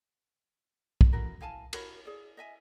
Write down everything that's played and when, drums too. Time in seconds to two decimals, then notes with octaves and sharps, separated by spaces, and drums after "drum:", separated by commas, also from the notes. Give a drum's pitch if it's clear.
1.01 drum: kick
1.12 E4 F#4 A#4
1.41 E4 F5 G#5 A5
1.73 F#4 A#4 C#5 B5, drum: cymbal
2.05 G#4 D5
2.37 D#5 E5 G#5